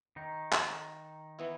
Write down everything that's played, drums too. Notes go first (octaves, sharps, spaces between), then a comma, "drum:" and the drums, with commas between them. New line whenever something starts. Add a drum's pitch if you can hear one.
D#3 D#4
drum: clap
E3 B3 E4